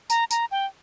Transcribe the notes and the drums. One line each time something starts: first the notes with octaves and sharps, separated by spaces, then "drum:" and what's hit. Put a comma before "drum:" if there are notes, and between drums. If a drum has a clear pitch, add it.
A#5, drum: tambourine
A#5, drum: tambourine
G5